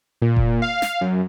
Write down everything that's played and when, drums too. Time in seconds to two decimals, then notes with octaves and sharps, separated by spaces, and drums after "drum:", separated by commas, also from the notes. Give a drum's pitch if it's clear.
0.22 A#2
0.36 drum: kick F1
0.62 F5
0.82 drum: snare
1.01 F#2